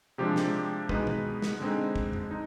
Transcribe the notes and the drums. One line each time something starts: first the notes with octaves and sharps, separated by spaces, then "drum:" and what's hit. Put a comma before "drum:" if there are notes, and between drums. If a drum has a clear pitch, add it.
C3 F3 G#3 D4 G4
drum: snare
B2 G#3 B3 D#4 B4, drum: kick
drum: tom
drum: snare
D3 G#3 C4 D#4
drum: kick
drum: tom F2
D#4